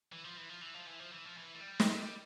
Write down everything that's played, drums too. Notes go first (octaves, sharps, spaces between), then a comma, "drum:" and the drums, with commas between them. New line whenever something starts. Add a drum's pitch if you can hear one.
E3
F3
E3
F3
E3
F3
E3
F3
E3
F3
E3
A3
G3
A3, drum: snare
G3